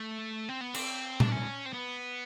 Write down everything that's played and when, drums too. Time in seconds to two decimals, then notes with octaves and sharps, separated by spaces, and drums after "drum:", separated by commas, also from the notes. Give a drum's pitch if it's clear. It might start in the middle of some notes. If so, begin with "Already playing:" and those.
Already playing: A3
0.49 C4
0.61 B3
0.74 C4, drum: cymbal
1.20 D4, drum: tom A#2
1.31 C#4
1.65 C4
1.73 B3